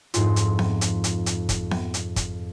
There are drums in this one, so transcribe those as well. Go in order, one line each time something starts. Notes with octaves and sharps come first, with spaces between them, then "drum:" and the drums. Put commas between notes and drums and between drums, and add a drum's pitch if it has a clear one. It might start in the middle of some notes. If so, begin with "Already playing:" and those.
F2 G#2 F4, drum: hi-hat
drum: hi-hat
drum: snare B3
drum: hi-hat
drum: hi-hat
drum: hi-hat
drum: kick, hi-hat
drum: snare B3
drum: hi-hat
drum: kick, hi-hat